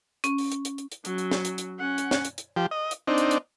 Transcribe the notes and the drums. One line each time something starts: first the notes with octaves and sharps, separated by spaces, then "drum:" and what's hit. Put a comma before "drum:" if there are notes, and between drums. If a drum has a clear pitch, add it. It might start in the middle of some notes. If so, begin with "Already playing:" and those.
C#4, drum: hi-hat
drum: open hi-hat
drum: hi-hat
drum: hi-hat
drum: hi-hat
drum: hi-hat
F#3 C#4, drum: hi-hat
drum: hi-hat
drum: snare
drum: hi-hat
drum: hi-hat
C#4 F#5
drum: hi-hat
drum: snare
drum: hi-hat
drum: hi-hat
F3 G4
D#5
drum: hi-hat
C4 D4 D#4
drum: hi-hat
drum: hi-hat